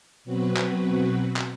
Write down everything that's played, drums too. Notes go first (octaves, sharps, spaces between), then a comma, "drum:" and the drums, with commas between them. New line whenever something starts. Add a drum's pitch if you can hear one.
B2 F#3 C4 F#4 B4
drum: clap
drum: clap